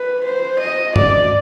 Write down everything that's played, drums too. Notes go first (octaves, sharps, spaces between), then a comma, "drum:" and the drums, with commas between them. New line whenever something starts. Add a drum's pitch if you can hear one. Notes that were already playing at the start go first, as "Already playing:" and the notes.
Already playing: B4
C5
D#5
D5, drum: tom